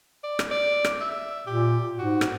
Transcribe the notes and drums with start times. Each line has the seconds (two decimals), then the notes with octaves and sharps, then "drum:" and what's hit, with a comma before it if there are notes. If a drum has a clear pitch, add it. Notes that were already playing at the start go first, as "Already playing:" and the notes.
0.24 D5
0.39 drum: rim click
0.51 D5
0.84 drum: rim click
1.00 E5
1.47 A#2 G4
1.98 G#2 F#4
2.21 drum: rim click